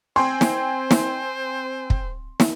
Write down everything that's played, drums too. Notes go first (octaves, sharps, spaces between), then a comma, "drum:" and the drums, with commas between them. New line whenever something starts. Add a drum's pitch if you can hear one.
C4 C5 G5 G#5 C6
drum: snare
drum: snare
drum: kick
drum: snare